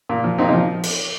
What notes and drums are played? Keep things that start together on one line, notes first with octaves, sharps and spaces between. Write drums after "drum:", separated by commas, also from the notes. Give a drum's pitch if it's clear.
A#2
F3
A#2 C4 D#4
C4 D#4
F3
drum: cymbal